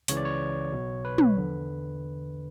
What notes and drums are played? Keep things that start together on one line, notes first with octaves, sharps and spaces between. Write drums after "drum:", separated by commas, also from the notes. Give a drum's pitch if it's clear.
C#2 C#3 E3 C#5, drum: hi-hat
D5
C#5
B1 B2
B4
drum: tom
E2 D3